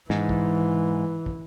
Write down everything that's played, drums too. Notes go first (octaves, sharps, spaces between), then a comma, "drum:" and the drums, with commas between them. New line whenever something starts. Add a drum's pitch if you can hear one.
G#2 E3, drum: snare
drum: kick
drum: kick